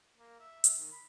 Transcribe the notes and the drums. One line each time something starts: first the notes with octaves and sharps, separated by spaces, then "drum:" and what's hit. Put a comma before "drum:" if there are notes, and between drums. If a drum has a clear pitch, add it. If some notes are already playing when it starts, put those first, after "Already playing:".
A#3
E5
drum: hi-hat
D#3
B5